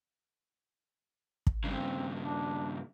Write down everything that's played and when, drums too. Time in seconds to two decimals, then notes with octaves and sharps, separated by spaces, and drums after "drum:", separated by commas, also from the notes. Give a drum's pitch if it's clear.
1.47 drum: kick
1.64 G2 C#3 C4
2.21 D4